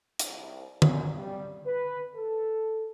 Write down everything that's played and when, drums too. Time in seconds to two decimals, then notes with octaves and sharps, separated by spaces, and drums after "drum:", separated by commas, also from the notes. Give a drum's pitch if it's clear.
0.19 drum: hi-hat
0.30 C2
0.82 F#2, drum: tom D3
1.14 G3
1.66 B4
2.16 A4